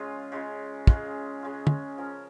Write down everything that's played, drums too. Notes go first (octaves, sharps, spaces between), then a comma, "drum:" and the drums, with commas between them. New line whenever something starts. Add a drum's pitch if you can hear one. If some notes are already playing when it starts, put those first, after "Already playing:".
Already playing: C#3 G#3 F4
C#3 G#3 F4
C#3 G#3 F4, drum: kick
C#3 G#3 F4
drum: tom
F3 C#4 A#4